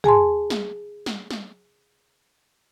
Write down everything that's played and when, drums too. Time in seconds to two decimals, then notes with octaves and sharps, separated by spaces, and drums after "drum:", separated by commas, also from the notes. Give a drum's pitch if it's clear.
0.04 G#4 G#5 A5 C6, drum: tom
0.50 drum: snare
1.06 drum: snare
1.31 drum: snare